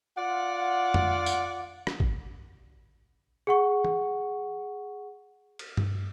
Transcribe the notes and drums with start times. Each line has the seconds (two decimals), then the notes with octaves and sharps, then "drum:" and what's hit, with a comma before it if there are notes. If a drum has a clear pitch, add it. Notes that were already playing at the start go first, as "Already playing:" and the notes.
0.18 F4 D5 F#5
0.94 drum: tom F2
1.26 drum: tambourine
1.87 drum: rim click
2.00 drum: kick G#1
3.47 G#4 F#5 C#6
3.84 drum: tom E3
5.59 drum: cymbal
5.77 drum: tom G2